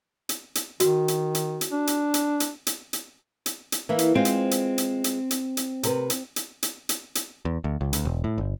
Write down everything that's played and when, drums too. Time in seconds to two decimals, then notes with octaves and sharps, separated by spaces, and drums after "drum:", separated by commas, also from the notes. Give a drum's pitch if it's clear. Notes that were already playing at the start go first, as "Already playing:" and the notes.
0.29 drum: hi-hat
0.55 drum: hi-hat
0.80 D#3 F#4, drum: hi-hat
1.08 drum: hi-hat
1.35 drum: hi-hat
1.61 drum: hi-hat
1.72 D4
1.87 drum: hi-hat
2.14 drum: hi-hat
2.40 drum: hi-hat
2.67 drum: hi-hat
2.93 drum: hi-hat
3.46 drum: hi-hat
3.72 drum: hi-hat
3.89 E3 A#3 E4
3.99 drum: hi-hat
4.15 G#3 C4 F4 C5
4.25 drum: hi-hat
4.51 drum: hi-hat
4.78 drum: hi-hat
5.04 drum: hi-hat
5.31 drum: hi-hat
5.57 drum: hi-hat
5.83 C3 A#4 B4, drum: hi-hat
6.10 drum: hi-hat
6.36 drum: hi-hat
6.63 drum: hi-hat
6.89 drum: hi-hat
7.15 drum: hi-hat
7.45 E2
7.64 D2
7.81 C#2
7.93 D2, drum: hi-hat
8.05 E1
8.24 A2
8.38 G1